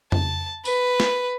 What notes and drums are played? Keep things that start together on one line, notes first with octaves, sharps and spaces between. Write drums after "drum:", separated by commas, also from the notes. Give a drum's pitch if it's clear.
A5, drum: tom F2
B4, drum: tambourine
drum: snare